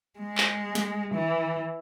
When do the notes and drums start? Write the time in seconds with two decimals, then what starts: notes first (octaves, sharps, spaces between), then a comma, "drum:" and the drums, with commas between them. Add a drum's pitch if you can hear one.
0.19 G#3
0.38 drum: clap
0.75 drum: snare
1.15 E3